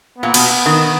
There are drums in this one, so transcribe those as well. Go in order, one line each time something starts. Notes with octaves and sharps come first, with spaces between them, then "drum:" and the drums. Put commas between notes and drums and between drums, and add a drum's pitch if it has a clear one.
A#2 B3
B2, drum: cymbal
D#3